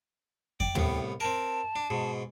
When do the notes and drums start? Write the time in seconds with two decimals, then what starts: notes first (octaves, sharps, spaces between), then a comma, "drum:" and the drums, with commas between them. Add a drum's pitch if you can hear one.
0.60 D5 G5, drum: kick F2
0.75 C2 A2 B3, drum: tom
1.20 C4 A#4 A5
1.76 D4
1.90 G#2 B2